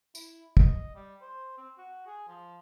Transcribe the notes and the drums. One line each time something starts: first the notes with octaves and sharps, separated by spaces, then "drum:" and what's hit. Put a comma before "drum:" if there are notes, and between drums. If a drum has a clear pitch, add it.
E4, drum: tambourine
D#5, drum: kick
G3
C5
C4
F#4
G#4
F3